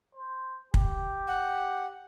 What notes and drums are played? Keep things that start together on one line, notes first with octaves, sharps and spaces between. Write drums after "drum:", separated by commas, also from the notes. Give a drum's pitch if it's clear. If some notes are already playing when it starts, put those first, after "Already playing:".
C5
G4, drum: kick
F#5